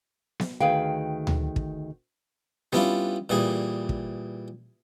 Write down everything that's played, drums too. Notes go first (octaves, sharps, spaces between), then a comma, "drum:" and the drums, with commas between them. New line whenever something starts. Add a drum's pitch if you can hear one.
drum: snare B3
D2 D#3 G#4 B4 F5 G5
drum: tom D2
drum: kick
G3 B3 C#4 D4 E4 F4, drum: snare B3
A#2 E3 G3 G#4
drum: kick